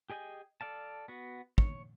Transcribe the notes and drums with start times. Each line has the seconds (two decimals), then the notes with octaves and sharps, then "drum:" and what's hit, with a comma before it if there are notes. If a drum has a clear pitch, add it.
0.10 G4 G#4 D#5 G5 G#5
0.61 A4 D5 F5 A5
1.08 B3 F#4
1.58 C#5, drum: kick